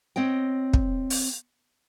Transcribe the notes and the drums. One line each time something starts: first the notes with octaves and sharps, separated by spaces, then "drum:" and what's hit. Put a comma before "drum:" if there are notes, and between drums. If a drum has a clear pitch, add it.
C4 C#5 D#5 G5
drum: kick
drum: open hi-hat